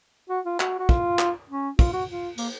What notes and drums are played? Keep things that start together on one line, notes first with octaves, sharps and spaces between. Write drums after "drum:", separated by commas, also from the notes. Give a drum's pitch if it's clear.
F#4
F4
F#4, drum: clap
F#4
F4, drum: kick
drum: clap
C#4
F4, drum: kick, cymbal
F#4
F4
A#3, drum: cymbal